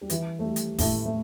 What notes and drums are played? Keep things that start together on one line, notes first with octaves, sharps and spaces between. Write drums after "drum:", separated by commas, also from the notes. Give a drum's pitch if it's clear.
G3
E3, drum: hi-hat
A3
G3
drum: hi-hat
A2 A3, drum: kick, open hi-hat
A3